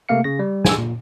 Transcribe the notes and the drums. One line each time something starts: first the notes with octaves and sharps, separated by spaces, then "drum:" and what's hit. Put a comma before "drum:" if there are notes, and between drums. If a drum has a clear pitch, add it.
C3 A3 A#3 F5 C#7
C#3 A#6
G3
G#5 E6, drum: snare
A#2